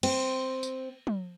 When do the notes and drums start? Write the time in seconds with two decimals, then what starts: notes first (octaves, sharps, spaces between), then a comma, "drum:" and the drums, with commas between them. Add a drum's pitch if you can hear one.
0.03 C4, drum: cymbal
0.63 drum: tambourine
1.07 drum: tom